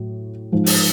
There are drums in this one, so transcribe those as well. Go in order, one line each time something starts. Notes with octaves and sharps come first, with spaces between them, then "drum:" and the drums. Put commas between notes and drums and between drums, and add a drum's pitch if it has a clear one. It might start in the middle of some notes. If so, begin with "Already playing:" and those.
Already playing: A2 F#3
G#2 F3 G#3
drum: open hi-hat